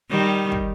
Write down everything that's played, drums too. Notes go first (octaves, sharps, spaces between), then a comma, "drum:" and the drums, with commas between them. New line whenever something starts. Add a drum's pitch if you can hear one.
D#3 G3
drum: kick